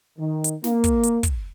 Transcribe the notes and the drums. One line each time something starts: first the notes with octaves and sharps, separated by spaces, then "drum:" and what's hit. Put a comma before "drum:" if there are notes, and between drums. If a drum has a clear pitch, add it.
D#3
drum: hi-hat
A#3, drum: snare
drum: kick, hi-hat
drum: hi-hat
drum: kick, hi-hat